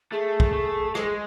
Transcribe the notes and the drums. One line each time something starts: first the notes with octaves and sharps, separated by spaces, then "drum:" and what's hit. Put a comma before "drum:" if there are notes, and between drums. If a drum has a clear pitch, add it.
A3 G#4
drum: kick
A3
G#3 A4, drum: rim click
G#4